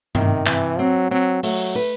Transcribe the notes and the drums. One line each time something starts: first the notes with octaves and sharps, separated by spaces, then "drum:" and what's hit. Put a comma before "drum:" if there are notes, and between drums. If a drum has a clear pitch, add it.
C3 D#3, drum: tom G2
C3 E3, drum: clap
F#3 C4
F#3 C4
F#3 A3, drum: open hi-hat
B4